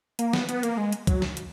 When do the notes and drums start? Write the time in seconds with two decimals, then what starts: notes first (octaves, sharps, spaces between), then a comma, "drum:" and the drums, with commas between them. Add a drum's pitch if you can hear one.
0.19 A#3, drum: hi-hat
0.33 B3, drum: snare
0.49 B3, drum: hi-hat
0.63 A#3, drum: hi-hat
0.77 G#3
0.92 drum: hi-hat
1.07 F#3, drum: kick, hi-hat
1.22 drum: snare
1.37 drum: hi-hat